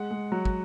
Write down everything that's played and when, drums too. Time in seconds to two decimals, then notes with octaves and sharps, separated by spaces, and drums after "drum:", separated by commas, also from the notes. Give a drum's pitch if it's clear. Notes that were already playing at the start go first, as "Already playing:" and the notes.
Already playing: G#3 F#5
0.11 G#3
0.32 F#3
0.45 drum: kick